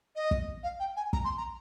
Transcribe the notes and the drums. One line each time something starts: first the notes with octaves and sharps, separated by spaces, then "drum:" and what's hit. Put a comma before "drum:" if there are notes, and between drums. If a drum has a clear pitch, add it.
D#5
drum: kick
F5
G5
G#5
A#5, drum: kick
C6
A#5